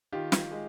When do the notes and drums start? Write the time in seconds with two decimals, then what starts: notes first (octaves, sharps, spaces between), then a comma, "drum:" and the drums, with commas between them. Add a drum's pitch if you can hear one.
0.12 D#3 F4 G4
0.32 drum: snare
0.51 G#3